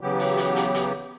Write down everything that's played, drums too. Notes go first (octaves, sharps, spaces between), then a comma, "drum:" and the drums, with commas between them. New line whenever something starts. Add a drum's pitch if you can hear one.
C#3 E3 F#3 B3 G4
drum: open hi-hat
drum: hi-hat
drum: hi-hat
drum: hi-hat